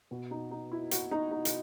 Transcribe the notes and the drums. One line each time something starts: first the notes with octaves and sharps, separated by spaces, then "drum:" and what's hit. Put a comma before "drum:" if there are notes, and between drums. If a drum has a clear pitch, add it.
B2 B4
D#4
D#4
E4
F#4, drum: hi-hat
D#4
D#4
drum: hi-hat